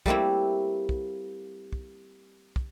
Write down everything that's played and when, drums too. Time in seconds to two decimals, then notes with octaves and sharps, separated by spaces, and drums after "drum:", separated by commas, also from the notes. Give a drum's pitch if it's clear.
0.06 G3 A3 A#3 C4 E4, drum: kick
0.89 drum: kick
1.73 drum: kick
2.56 drum: kick